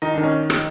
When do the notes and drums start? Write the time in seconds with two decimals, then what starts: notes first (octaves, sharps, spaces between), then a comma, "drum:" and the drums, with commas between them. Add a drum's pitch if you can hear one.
0.02 D#3 D#4
0.14 D#3 D4
0.24 C#4
0.50 drum: rim click